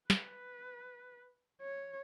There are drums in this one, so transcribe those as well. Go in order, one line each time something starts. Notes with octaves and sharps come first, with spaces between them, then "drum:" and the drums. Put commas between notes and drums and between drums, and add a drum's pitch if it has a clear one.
B4, drum: snare
C#5